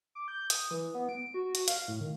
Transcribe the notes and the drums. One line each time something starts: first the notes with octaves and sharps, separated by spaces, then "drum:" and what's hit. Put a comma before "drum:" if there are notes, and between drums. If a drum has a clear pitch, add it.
D6
G6
D#6, drum: hi-hat
E3
B3
D7
F#4
F#4, drum: hi-hat
F5, drum: hi-hat
A2
D#3